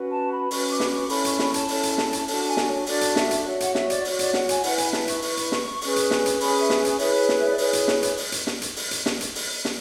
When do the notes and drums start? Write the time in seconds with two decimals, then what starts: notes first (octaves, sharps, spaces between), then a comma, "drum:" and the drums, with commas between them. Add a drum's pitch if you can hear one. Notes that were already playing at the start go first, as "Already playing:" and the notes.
Already playing: C#4 F#4 B4
0.11 A5
0.31 B5
0.51 C#4 F#4 B4 C#6, drum: open hi-hat
0.70 D6
0.80 drum: snare
0.90 C#6
1.09 C#4 E4 A4 C#5 B5, drum: open hi-hat
1.25 C#6, drum: hi-hat
1.39 B5, drum: snare
1.54 A5, drum: hi-hat
1.68 C#4 E4 A4 C#5, drum: open hi-hat
1.83 drum: hi-hat
1.98 drum: snare
2.13 drum: hi-hat
2.28 D4 F#4 A4 A5, drum: open hi-hat
2.47 G#5
2.57 drum: snare
2.67 C#5
2.86 D4 F#4 A4 D5, drum: open hi-hat
3.01 drum: hi-hat
3.16 E5, drum: snare
3.31 drum: hi-hat
3.45 F#4 C#5 E5
3.60 F#5, drum: hi-hat
3.75 E5, drum: snare
3.90 D5, drum: hi-hat
4.05 F#4 C#5, drum: open hi-hat
4.19 D5, drum: hi-hat
4.34 F#5, drum: snare
4.49 G#5, drum: hi-hat
4.63 E4 B4 F#5, drum: open hi-hat
4.78 G#5, drum: hi-hat
4.93 A5, drum: snare
5.08 C#6, drum: hi-hat
5.22 E4 B4, drum: open hi-hat
5.37 drum: hi-hat
5.52 drum: snare
5.81 C#4 G#4 B4, drum: open hi-hat
5.96 drum: hi-hat
6.11 drum: snare
6.26 drum: hi-hat
6.40 C#4 G#4 B4 B5, drum: open hi-hat
6.60 E5
6.70 drum: snare
6.85 drum: hi-hat
6.99 E4 G#4 B4 C#5, drum: open hi-hat
7.29 drum: snare
7.39 E5
7.49 D5
7.58 E4 G#4 B4 C#5, drum: open hi-hat
7.73 drum: hi-hat
7.88 drum: snare
8.03 drum: hi-hat
8.17 drum: open hi-hat
8.32 drum: hi-hat
8.47 drum: snare
8.62 drum: hi-hat
8.76 drum: open hi-hat
8.91 drum: hi-hat
9.06 drum: snare
9.21 drum: hi-hat
9.35 drum: open hi-hat
9.65 drum: snare